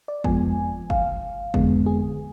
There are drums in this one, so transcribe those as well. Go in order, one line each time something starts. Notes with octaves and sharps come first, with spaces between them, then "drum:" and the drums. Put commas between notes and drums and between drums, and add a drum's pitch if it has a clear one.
D5
F2 F3 G#3 B3 G#5, drum: kick
F5, drum: kick
F2 D3 G#3 B3, drum: kick
G#4